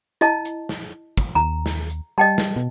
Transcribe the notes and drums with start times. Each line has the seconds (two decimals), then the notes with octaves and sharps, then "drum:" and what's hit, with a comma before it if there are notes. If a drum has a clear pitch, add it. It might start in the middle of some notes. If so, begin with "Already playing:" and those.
0.21 E4 D#5 A5, drum: hi-hat
0.45 drum: hi-hat
0.69 drum: snare
1.17 drum: kick, hi-hat
1.35 D#2 A#5
1.66 drum: snare
1.90 drum: hi-hat
2.18 G3 D#5 G5 A5
2.38 drum: snare
2.56 B2